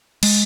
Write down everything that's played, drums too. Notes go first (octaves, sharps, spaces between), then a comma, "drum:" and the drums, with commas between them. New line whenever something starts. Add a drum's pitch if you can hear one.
G#3, drum: cymbal